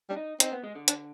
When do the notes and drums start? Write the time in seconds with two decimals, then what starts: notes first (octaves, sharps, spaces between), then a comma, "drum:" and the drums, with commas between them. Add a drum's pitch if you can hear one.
0.09 G3 D4
0.16 D#4
0.40 C4 D#4, drum: hi-hat
0.52 B3
0.64 G#3
0.75 D3
0.88 D4, drum: hi-hat